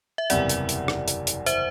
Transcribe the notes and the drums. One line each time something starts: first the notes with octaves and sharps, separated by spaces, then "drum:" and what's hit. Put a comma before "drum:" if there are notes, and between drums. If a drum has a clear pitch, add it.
E5
F#1 E2 C3 G3 D5 F#5, drum: hi-hat
drum: hi-hat
drum: hi-hat
drum: rim click
drum: hi-hat
drum: hi-hat
C5 E5, drum: hi-hat